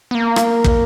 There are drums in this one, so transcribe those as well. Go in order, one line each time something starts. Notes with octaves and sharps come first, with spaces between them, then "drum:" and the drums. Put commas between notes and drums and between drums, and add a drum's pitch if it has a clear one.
B3
A#3
drum: rim click
drum: kick